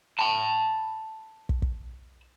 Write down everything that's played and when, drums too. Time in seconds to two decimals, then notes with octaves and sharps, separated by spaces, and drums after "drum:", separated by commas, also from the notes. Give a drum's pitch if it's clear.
0.19 A5 B5
1.49 drum: kick
1.62 drum: kick